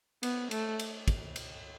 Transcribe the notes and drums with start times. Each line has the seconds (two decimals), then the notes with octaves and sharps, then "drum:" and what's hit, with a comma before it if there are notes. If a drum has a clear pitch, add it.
0.23 B3, drum: cymbal
0.51 A3, drum: cymbal
0.79 drum: cymbal
1.08 drum: kick, cymbal
1.36 drum: cymbal